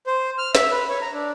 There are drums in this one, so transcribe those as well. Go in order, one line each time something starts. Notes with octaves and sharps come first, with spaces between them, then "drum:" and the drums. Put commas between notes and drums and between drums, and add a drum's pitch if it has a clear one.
C5
F6
E5, drum: snare
B4
C#5
A#5
D4